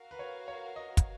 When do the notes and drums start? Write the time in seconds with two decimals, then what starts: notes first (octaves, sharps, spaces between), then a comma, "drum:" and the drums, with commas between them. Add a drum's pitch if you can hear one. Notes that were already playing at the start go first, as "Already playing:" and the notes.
Already playing: F#4 A#4 F5
0.11 B4
0.19 C#5
0.48 C#5
0.76 D#5
0.97 drum: kick, hi-hat